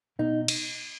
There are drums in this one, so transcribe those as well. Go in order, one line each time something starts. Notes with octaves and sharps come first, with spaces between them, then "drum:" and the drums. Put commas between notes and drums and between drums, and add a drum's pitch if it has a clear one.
B2 D#4
drum: cymbal